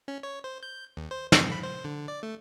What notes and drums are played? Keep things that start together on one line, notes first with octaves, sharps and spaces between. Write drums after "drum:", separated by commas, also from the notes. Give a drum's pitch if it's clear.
C#4
C#5
C5
G6
D#2
C5
C4, drum: snare
B5
C5
D3
D5
A3